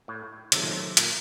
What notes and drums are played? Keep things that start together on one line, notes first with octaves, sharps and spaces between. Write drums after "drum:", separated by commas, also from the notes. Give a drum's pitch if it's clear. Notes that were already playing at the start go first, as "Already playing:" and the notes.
A2
C3 D#3 F#3 A3, drum: hi-hat
A#2
C3
A#2, drum: hi-hat